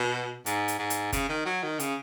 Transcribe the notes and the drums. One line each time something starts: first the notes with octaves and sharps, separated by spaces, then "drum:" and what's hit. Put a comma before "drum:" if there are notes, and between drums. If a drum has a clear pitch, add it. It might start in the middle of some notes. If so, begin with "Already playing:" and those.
Already playing: B2
G#2, drum: hi-hat
drum: hi-hat
G#2
drum: hi-hat
C#3, drum: kick F#1, hi-hat
D#3
F#3
D#3
C#3, drum: hi-hat